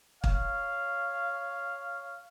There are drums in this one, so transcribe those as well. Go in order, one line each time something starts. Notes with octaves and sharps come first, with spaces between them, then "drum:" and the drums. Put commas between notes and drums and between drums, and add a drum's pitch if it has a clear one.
C#5 F5, drum: kick